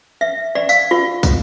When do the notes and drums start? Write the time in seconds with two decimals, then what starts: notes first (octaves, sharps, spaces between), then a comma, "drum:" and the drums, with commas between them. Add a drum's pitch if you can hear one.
0.21 E5
0.55 D5
0.69 F5, drum: tambourine
0.91 F4
1.23 drum: kick, tambourine